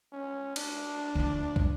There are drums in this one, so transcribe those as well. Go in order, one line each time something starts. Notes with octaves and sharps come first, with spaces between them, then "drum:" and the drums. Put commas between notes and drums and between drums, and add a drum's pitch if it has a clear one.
C#4
D4, drum: cymbal
D2 F4
drum: kick